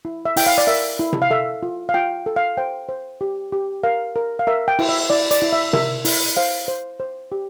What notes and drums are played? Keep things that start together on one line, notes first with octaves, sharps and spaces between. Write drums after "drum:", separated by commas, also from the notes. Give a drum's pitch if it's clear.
E4
E5
E4 G5, drum: open hi-hat
F5
D5
A#4 E5
E4
drum: tom C3
F5
A4 E5
F4
F5
F4 G5
A4
F5
C5 G5
C5
G4
G4
A#4 F5
A#4
F5
A#4 E5
G5
E4, drum: cymbal
E5
E4 D5
D5, drum: hi-hat
E4
E5
A#4 E5, drum: tom C3
E4, drum: open hi-hat
C5 F5
C5
C5
G4